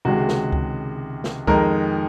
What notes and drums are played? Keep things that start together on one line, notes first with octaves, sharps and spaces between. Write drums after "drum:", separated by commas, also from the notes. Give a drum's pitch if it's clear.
C#2 C3 D#3 G#3 F#4
drum: snare
drum: kick C#2
drum: snare
F2 D#3 G#3 D#4 A#4, drum: kick C#2